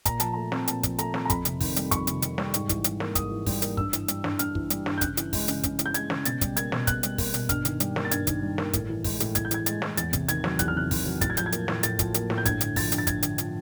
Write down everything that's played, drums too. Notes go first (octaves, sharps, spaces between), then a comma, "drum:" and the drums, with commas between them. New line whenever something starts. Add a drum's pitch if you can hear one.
A#2 A#5, drum: kick, hi-hat
F3 A5, drum: hi-hat
A3 A#5
C4, drum: snare
A#2 A5, drum: hi-hat
F3, drum: kick, hi-hat
A3 A#5, drum: hi-hat
C4, drum: snare
A#5
F2 B5, drum: kick, hi-hat
C3, drum: hi-hat
D#3, drum: kick, open hi-hat
G3, drum: hi-hat
F2 C#6, drum: kick, hi-hat
C3, drum: hi-hat
D#3, drum: hi-hat
G3, drum: snare
G#2, drum: hi-hat
E3, drum: kick, hi-hat
G3, drum: hi-hat
A#3, drum: snare
G#2 D#6, drum: kick, hi-hat
E3
G3, drum: kick, open hi-hat
A#3, drum: hi-hat
G2 E6, drum: kick
E3, drum: hi-hat
G3, drum: hi-hat
G2, drum: snare
G2 F6, drum: hi-hat
E3, drum: kick
G3, drum: hi-hat
G2, drum: snare
G6
C#3 F#6, drum: kick, hi-hat
E3, drum: hi-hat
G#3, drum: kick, open hi-hat
C#3, drum: hi-hat
C#3, drum: kick, hi-hat
E3, drum: hi-hat
G6
G#3 G#6, drum: hi-hat
C#3, drum: snare
B2 A6, drum: hi-hat
G3, drum: kick, hi-hat
A#3 G#6, drum: hi-hat
B2, drum: snare
B2 F#6, drum: kick, hi-hat
G3, drum: hi-hat
A#3, drum: kick, open hi-hat
B2, drum: hi-hat
G2 F6, drum: kick, hi-hat
D#3, drum: hi-hat
G3, drum: hi-hat
A#3, drum: snare
A6
G2 G#6, drum: hi-hat
D#3, drum: kick, hi-hat
G3
A#3, drum: snare
A2, drum: kick, hi-hat
E3
G#3, drum: kick, open hi-hat
A2, drum: hi-hat
A2 G#6, drum: kick, hi-hat
G6
E3 G#6, drum: hi-hat
G#3 A6, drum: hi-hat
A2, drum: snare
E2 A6, drum: hi-hat
C3, drum: kick, hi-hat
D#3 G#6, drum: hi-hat
F#3, drum: snare
E2 F#6, drum: kick, hi-hat
F6
C3 F#6
D#3, drum: kick, open hi-hat
F#3
A2 A6, drum: kick, hi-hat
G#6
F3 G6, drum: hi-hat
G#6
A#3, drum: hi-hat
A2, drum: snare
A2 A6, drum: hi-hat
F3, drum: kick, hi-hat
A#3, drum: hi-hat
A2, drum: snare
G6
G2 G#6, drum: kick, hi-hat
D3, drum: hi-hat
F3 A6, drum: kick, open hi-hat
G2, drum: hi-hat
A6
G2 G#6, drum: kick, hi-hat
D3, drum: hi-hat
F3, drum: hi-hat